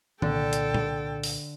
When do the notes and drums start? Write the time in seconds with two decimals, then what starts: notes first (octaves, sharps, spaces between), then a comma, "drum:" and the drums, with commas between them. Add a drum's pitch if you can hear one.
0.22 C2 A#2 D3 A4 G5, drum: tom D#3
0.53 drum: hi-hat
0.74 drum: tom A#2
1.23 drum: open hi-hat